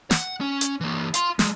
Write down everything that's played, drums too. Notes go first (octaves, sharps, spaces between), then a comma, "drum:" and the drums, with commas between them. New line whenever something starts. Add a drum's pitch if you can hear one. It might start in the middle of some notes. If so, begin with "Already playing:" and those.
F#5, drum: snare
C#4
drum: hi-hat
E3 A#3
F5 C6, drum: hi-hat
F#3 G#3, drum: snare